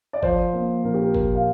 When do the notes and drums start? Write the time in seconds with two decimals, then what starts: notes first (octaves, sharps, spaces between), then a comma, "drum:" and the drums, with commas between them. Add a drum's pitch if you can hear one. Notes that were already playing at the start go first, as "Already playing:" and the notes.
0.13 D5
0.23 F3 C5, drum: kick G#1
0.53 A#3
0.84 A#1 A#4
0.94 G4
1.04 A#4
1.14 A#2 A#4, drum: kick G#1
1.35 F5